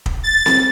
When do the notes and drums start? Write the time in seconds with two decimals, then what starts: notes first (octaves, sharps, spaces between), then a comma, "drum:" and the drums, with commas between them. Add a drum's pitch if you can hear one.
0.06 drum: kick
0.24 A6
0.46 drum: snare C4